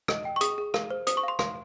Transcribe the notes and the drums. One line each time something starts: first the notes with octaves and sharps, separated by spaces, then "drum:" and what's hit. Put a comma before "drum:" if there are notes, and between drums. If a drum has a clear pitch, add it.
D#5, drum: rim click
G5
C#6
G#4 D#6, drum: hi-hat
G#4
F5, drum: rim click
C5
C5 D#6, drum: hi-hat
C#6
F5 C6
F5 C6, drum: rim click